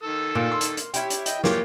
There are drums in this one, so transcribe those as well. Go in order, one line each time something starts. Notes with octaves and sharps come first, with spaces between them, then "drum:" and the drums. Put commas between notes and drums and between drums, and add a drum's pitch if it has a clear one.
D#3 A4 E6
A#2 A#3
C6
drum: hi-hat
drum: hi-hat
C#4 E4 G4, drum: hi-hat
drum: hi-hat
D#5 G5, drum: hi-hat
E3 A#3 F4 G4 C#5, drum: snare